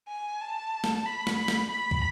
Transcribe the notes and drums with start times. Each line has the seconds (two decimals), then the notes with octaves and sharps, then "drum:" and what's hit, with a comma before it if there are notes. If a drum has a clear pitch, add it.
0.08 G#5
0.41 A5
0.84 drum: snare
1.06 B5
1.27 drum: snare
1.38 B5
1.48 drum: snare
1.70 B5
1.91 drum: kick